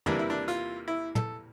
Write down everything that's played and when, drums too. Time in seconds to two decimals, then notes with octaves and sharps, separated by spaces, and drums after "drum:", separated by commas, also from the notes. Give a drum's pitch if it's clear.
0.06 E2 C3 E3 G3 A#3 D4, drum: tom
0.19 E4
0.30 D4
0.48 F4, drum: hi-hat
0.88 E4
1.15 A4, drum: tom